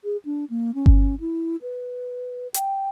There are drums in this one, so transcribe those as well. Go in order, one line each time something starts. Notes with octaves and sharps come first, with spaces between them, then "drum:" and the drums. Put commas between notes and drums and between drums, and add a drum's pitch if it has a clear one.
G#4
D4
A#3
C#4
drum: kick G1
E4
B4
G5, drum: hi-hat